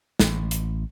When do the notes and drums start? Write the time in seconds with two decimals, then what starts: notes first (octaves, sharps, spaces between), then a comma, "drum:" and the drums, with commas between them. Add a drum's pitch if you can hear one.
0.20 A1, drum: snare
0.51 drum: hi-hat